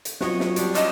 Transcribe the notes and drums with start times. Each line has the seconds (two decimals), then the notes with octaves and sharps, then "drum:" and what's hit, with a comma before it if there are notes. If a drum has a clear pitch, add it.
0.05 drum: hi-hat
0.21 F#3 C4 F4 F#4 C#5 D#5, drum: snare
0.40 drum: snare
0.56 G3 D4 G4, drum: hi-hat
0.75 C#4 F4 B4 D#5 D6 E7, drum: hi-hat